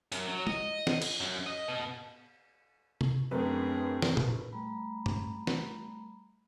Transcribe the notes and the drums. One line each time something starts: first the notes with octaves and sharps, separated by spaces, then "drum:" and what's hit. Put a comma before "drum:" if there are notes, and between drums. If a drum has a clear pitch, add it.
F#2, drum: hi-hat
F#3
D#5, drum: tom
drum: snare
drum: cymbal
F#2
D#5
B2
drum: tom C3
F#2 A3 C4 D4 G#4 A#4 B4
drum: snare
drum: tom A#2
G3 A3 A#5 B5
drum: tom
drum: snare